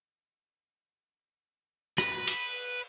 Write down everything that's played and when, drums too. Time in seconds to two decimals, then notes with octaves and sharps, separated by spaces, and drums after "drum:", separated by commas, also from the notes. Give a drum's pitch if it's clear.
1.98 B4, drum: rim click
2.27 drum: cymbal